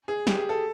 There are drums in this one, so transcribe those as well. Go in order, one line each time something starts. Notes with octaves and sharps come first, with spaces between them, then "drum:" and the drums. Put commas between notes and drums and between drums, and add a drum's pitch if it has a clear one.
G#4
G4, drum: snare
G#4
A4